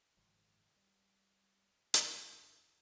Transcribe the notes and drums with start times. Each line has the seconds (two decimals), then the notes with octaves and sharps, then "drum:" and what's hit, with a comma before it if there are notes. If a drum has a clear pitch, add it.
0.17 F#1 G#2 D#3 F3
0.76 G3
1.94 G#1 F#2 F#3 D4, drum: hi-hat